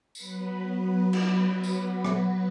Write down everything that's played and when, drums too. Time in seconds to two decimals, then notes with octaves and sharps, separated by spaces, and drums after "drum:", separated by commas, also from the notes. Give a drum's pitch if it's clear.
0.15 F#3 B3 B4, drum: tambourine
1.13 drum: cymbal
1.63 drum: tambourine
2.05 drum: rim click